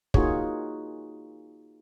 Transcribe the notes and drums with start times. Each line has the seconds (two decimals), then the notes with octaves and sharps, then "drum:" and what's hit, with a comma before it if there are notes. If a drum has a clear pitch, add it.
0.14 A#3 D#4 F4 F#4 G#4 C#5, drum: kick